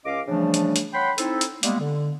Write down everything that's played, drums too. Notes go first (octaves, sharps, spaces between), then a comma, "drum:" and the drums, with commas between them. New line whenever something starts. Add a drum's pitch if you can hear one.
C#2 C#4 D#5 F5 D6
C#3 E3 F3 G3 A3 D4
drum: hi-hat
drum: hi-hat
C#5 F#5 G5 B5 C6
C4 D#4 E4 A4, drum: hi-hat
drum: hi-hat
G3 G#3 A#3 B3, drum: hi-hat
D3